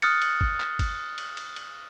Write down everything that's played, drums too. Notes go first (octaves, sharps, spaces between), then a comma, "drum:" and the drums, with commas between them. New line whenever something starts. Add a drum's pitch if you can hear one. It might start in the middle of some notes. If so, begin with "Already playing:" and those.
D#6 F6 F#6 A6 C#7, drum: cymbal
drum: cymbal
drum: kick
drum: clap
drum: kick, cymbal
drum: cymbal
drum: cymbal
drum: cymbal